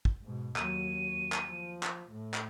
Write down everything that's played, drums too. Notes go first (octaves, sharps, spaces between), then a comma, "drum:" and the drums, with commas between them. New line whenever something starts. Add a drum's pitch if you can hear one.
drum: kick
G#2 B2
D#2 F#3 D#7, drum: clap
drum: clap
F3
drum: clap
A2
drum: clap